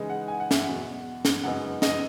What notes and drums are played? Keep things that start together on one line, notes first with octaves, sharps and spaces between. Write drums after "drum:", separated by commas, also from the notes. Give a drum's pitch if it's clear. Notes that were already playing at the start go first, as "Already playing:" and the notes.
Already playing: C#3 E3 G#3 D#4
F#5
G#5
F#5
E5, drum: snare
F#5
E2 B2 F#3
drum: snare
F#2 C#3 G#3 B3 D#4 F#5
D#5, drum: snare